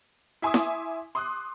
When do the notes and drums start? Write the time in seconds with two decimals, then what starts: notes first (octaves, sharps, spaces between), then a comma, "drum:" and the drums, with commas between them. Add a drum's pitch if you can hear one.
0.42 E4 E5 G#5 C6 D6 D#6
0.54 drum: snare E4
1.15 C6 D6 D#6 F#6